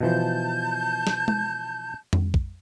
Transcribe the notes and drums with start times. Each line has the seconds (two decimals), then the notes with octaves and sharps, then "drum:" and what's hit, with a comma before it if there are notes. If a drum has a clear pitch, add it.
0.01 B2 E3 F3 A5 G6
1.07 drum: snare
1.28 drum: tom G#3
2.13 drum: tom F2
2.34 drum: kick